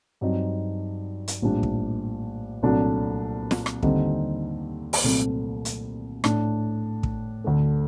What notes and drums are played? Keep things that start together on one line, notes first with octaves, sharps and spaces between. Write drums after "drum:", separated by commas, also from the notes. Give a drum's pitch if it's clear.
G2 F#3 C4 D#4
drum: hi-hat
A#1 A2 G3 D4
drum: kick
C2 A#2 F#3 A3 D4
drum: snare
drum: rim click
D#2 D3 G3 C4 D#4, drum: kick
drum: open hi-hat
C2 A#2 F#3 A3 C4
drum: hi-hat
A2 A3 D4, drum: rim click
drum: kick
D2 D3 A3